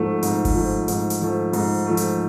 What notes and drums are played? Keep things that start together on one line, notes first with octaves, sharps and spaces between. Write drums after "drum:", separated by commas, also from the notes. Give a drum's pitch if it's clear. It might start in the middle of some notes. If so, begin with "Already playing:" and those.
Already playing: G#2 F3 A3
G#2, drum: hi-hat
drum: kick G1, open hi-hat
F3 A3
G#2, drum: hi-hat
drum: hi-hat
F3 A3
G#2, drum: open hi-hat
F3 A3
drum: hi-hat